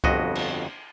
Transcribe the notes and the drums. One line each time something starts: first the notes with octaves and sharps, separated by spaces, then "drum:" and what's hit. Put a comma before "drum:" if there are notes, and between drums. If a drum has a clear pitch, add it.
G1 F2 F#4 D#5, drum: kick C2
drum: cymbal